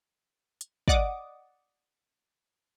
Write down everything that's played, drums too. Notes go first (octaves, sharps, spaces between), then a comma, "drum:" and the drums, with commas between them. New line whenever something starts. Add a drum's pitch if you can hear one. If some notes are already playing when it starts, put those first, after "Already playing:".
drum: hi-hat
D5 D#5 F#5 D6 D#6, drum: kick